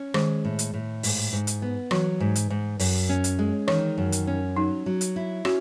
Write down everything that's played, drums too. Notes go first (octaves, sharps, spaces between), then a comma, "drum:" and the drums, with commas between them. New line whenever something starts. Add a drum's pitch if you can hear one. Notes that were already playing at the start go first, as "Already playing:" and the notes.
Already playing: C#4
D#3 G#3, drum: rim click
A2
drum: hi-hat
A2
G#2, drum: open hi-hat
G#2
drum: hi-hat
B3
E3 F#3, drum: rim click
G#2
drum: hi-hat
G#2
F#2, drum: open hi-hat
C#4
drum: hi-hat
G#3
D#3 E3, drum: rim click
F#2
drum: hi-hat
C#4
F#3 D#4
F#3
drum: hi-hat
E4
C#4 F#4, drum: rim click